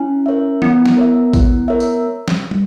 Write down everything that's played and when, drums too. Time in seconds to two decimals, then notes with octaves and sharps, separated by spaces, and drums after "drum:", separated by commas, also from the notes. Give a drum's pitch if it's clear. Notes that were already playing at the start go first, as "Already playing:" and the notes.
Already playing: C#4 E4
0.26 A#4 C#5 E5
0.62 B3 E4, drum: tom E3
0.86 drum: snare
0.97 A#4 C#5 E5
1.33 E4, drum: kick, tambourine
1.68 A#4 C#5 E5
1.80 drum: tambourine
2.28 drum: snare
2.51 drum: tom